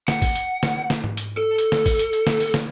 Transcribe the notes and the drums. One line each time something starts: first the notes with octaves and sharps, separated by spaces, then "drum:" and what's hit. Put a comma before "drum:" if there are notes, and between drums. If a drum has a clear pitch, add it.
F#5, drum: snare
drum: kick A1, open hi-hat
drum: hi-hat
drum: snare
drum: snare
drum: tom G#2
drum: hi-hat
A4
drum: hi-hat
drum: snare
drum: kick A1, open hi-hat
drum: hi-hat
drum: hi-hat
drum: snare
drum: open hi-hat
drum: snare